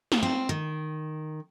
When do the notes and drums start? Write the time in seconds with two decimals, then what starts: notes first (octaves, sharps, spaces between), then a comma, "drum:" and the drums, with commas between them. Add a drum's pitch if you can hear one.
0.12 drum: snare
0.23 C4
0.49 D#3